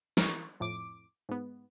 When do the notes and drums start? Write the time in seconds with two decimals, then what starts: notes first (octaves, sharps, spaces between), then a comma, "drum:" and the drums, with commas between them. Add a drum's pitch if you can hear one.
0.17 E3 A#4 C#6, drum: snare
0.60 F2 A2 D6
1.29 G#2 B3